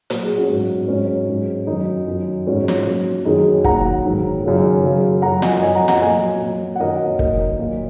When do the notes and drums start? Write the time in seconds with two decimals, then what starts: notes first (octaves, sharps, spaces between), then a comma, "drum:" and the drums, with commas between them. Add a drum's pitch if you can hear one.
0.10 A#2 F#3 F#4, drum: hi-hat
0.24 G#4
0.38 C#4 F#4
0.49 G#2 F#3
0.88 G#2 F#3 C#4
1.28 G#2 F#3
1.67 F#2 D#3 F#3 D#4
2.08 F#2 F#3
2.47 G#2 F#3 C#4 F#4
2.68 drum: snare
2.86 A#2 F#3
3.25 F#2 D#3 F#3 D#4 G#4
3.64 A#2 F#3 F#5 A#5, drum: kick
4.04 G#2 D#3 F#3
4.43 F#2 C#3 F#3
4.84 F#2 C#3 F#3
5.22 F#2 F#3 F#5 A#5
5.42 D#5 G#5, drum: snare
5.61 F#2 F#3 D#5 G#5
5.75 F#5 A#5
5.88 F#5 A#5, drum: snare
6.02 A#2 F#3 D#5 G#5
6.40 A#2 F#3
6.76 F#5
6.80 F#2 D#3 F#3 A#4 D#5
7.19 A#2 F#3 A#4 D#5, drum: kick
7.59 A#2 F#3